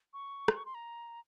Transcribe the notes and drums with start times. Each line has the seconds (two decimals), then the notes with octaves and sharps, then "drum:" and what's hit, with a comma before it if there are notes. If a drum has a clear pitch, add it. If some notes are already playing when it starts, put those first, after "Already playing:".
0.13 C#6
0.48 C6, drum: rim click
0.57 C#6
0.65 C6
0.75 A#5